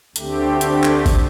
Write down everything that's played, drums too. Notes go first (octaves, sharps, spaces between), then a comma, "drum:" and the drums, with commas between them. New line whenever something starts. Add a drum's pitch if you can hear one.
D2 D3 A3 C4 G4, drum: hi-hat
drum: hi-hat
drum: clap
drum: kick G#1, open hi-hat